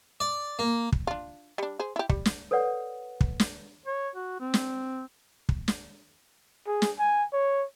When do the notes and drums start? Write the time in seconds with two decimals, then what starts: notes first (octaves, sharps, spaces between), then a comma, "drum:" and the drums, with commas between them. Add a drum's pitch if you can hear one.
0.20 D5
0.59 A#3
0.92 drum: kick
1.07 D4 F4
1.58 G3 D4
1.79 G#4 C5
1.96 E4 G4
2.09 G3, drum: kick
2.25 drum: snare
2.51 A4 B4 C#5 D5 F#5
3.21 drum: kick
3.40 drum: snare
3.86 C#5
4.16 F#4
4.40 C4
4.54 drum: snare
5.49 drum: kick
5.68 drum: snare
6.67 G#4
6.82 drum: snare
6.99 G#5
7.33 C#5